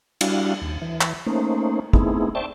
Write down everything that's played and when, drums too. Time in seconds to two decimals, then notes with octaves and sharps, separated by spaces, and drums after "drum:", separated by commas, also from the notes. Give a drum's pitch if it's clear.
0.21 G3 D4 E4 F#4 F5, drum: cymbal
0.62 D#2
0.82 E3
1.01 drum: clap
1.27 A3 A#3 C#4 D#4 C5
1.93 A3 B3 C4 D#4 E4 G#4, drum: kick
2.35 C5 D5 E5 G5 A5 C#6